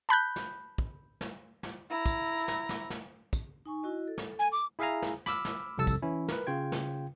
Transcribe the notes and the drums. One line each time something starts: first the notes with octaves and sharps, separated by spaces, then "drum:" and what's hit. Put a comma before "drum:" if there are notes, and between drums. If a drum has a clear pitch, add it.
A5 B5 F#6 G6
drum: snare
drum: kick
drum: snare
drum: snare
E4 A#5
drum: kick, tambourine
drum: snare
drum: snare
drum: snare
drum: kick, tambourine
D#4 G#5 C#6
E4 F#4 D#5
A4
drum: snare
G#5
D6
E4 G#4 E5 F5 G#5 A#5
drum: snare
B5 D6 E6 F6, drum: snare
drum: snare
C2 F2 C3 A4 E6 A6
drum: kick, tambourine
E3 C#4 E4
A#4 B4, drum: snare
C#3 F4 G5 G#6
drum: snare